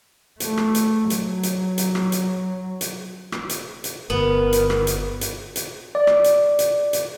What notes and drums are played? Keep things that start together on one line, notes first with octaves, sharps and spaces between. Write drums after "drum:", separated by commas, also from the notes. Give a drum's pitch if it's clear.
A3, drum: hi-hat
drum: rim click
drum: hi-hat
F#3, drum: hi-hat
drum: hi-hat
drum: hi-hat
drum: rim click
drum: hi-hat
drum: hi-hat
drum: rim click
drum: hi-hat
drum: hi-hat
G1 B3 A#4
drum: hi-hat
drum: rim click
drum: hi-hat
drum: hi-hat
drum: hi-hat
D5
drum: rim click
drum: hi-hat
drum: hi-hat
drum: hi-hat